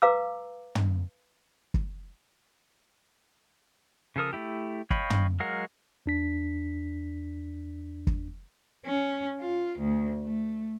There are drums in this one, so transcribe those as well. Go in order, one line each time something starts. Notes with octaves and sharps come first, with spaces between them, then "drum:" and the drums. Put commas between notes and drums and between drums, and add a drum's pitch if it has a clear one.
B4 F5 A#5 D6 E6
drum: tom
drum: kick
C#3 F3 A4 A#4 D#6
A3 C4 E4 G4
C#5 D#5 F5 G5 B5, drum: kick
drum: tom
F#3 G#3 A#4 F5 F#5
E2 D4 B6
drum: kick
C#4
F4
D2
A3